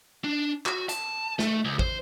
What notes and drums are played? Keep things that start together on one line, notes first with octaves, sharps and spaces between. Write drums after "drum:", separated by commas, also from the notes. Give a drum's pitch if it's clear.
D4
F#4, drum: clap
A5, drum: hi-hat
A3, drum: snare
C#2
C5, drum: kick